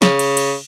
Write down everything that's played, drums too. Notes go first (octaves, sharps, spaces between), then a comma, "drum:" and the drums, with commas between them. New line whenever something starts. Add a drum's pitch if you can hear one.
C#3, drum: snare
drum: cymbal
drum: cymbal